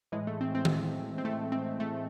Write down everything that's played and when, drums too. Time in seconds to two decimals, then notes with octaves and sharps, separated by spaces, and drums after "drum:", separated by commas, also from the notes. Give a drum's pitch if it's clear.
0.12 A2 E3 G#3
0.27 A3
0.41 C4
0.55 C4
0.65 drum: tom D#3
1.18 C4
1.25 A3
1.52 C4
1.80 A3